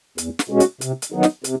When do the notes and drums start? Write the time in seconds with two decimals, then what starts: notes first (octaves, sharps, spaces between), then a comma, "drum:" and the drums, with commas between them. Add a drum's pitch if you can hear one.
0.18 E2, drum: hi-hat
0.39 drum: snare
0.50 B2 G#3 C#4 F#4
0.60 drum: hi-hat
0.81 C3, drum: hi-hat
1.02 drum: hi-hat
1.12 D#3 F#3 B3 D#4
1.23 drum: snare
1.44 C3, drum: hi-hat